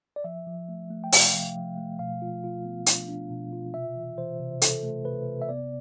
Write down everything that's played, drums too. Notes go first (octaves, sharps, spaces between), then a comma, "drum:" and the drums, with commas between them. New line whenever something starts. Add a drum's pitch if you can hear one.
D5
F3 E5
F3
A3
A3
G5
C3 F5, drum: open hi-hat
F3
F3
A3
B2 F5
F4
F4
B3
D4, drum: hi-hat
D4
B2
F4
C3 E5
E3
E3 C5
C3
C3 A4, drum: hi-hat
A3
C3 B4
C3
E5
B3 D5